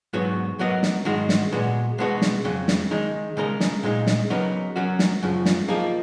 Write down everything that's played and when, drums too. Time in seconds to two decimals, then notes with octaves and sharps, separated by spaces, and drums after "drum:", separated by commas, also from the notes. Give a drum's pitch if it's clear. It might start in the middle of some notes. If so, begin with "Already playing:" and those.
0.13 G#2 F#3 B3 F#4 C#5
0.59 F#3 B3 F#4 A#4 D#5
0.83 drum: snare
1.05 G#2 D#3 G#3 D#4 F#4
1.29 drum: snare
1.52 A#2 G#3 B3 F#4
1.98 B2 G#3 B3 F#4 C#5
2.22 drum: snare
2.44 F2 C#3 F#3 C#4
2.68 drum: snare
2.91 D#3 G#3 D#4
3.37 C#3 G#3 D#4 A#4 D#5
3.60 drum: snare
3.83 A#2 G#3 D#4
4.07 drum: snare
4.30 C#3 F#3 B3 D#4 A#4
4.76 F#3 C#4 F#4 A#4
4.99 drum: snare
5.22 F#2 C#3 F3
5.45 drum: snare
5.68 F3 A#3 D#4 G#4